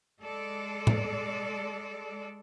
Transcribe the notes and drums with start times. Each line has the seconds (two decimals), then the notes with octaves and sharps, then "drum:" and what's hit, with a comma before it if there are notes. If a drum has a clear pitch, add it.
0.21 G#3 A4 D5
0.87 drum: tom A2